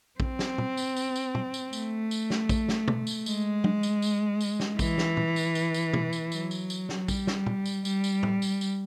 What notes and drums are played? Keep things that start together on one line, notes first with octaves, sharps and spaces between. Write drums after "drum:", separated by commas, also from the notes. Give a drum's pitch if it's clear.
C4, drum: kick
drum: snare
drum: tom
drum: tambourine
drum: tambourine
drum: tambourine
drum: tom
drum: tambourine
A3, drum: tambourine
drum: tambourine
drum: snare
drum: kick, tambourine
drum: snare
drum: tom
drum: tambourine
G#3, drum: tambourine
drum: tom
drum: tambourine
drum: tambourine
drum: tambourine
drum: snare
E3, drum: kick, tambourine
drum: snare
drum: tom
drum: tambourine
drum: tambourine
drum: tambourine
drum: tom
drum: tambourine
F#3, drum: tambourine
drum: tambourine
drum: tambourine
drum: snare
G3, drum: kick, tambourine
drum: snare
drum: tom
drum: tambourine
G3, drum: tambourine
drum: tambourine
drum: tom A2
drum: tambourine
drum: tambourine